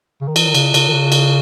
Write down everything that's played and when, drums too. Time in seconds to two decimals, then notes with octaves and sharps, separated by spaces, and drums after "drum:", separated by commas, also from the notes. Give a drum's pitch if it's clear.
0.21 C#3
0.28 D#3
0.36 E3, drum: cymbal
0.47 D#3
0.54 C#3, drum: cymbal
0.74 C#3, drum: cymbal
0.88 D#3
0.93 C#3
1.12 drum: cymbal